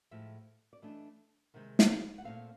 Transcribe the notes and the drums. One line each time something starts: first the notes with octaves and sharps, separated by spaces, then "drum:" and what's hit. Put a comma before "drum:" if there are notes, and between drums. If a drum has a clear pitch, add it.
A2 F3 G#3 E5
D5
E3 A3 D4 D#5
C3 D#3 G#3 C4 D#4
drum: snare
F#5
A#2 F#3 A3 C4 F5